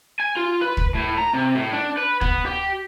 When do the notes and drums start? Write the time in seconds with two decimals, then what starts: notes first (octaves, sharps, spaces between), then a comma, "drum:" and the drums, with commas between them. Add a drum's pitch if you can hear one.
0.20 G#5
0.37 F4
0.62 B4
0.77 drum: kick
0.95 A2
1.18 A#5
1.34 C3
1.55 A2
1.73 D4
1.97 B4
2.21 B3, drum: kick
2.46 G4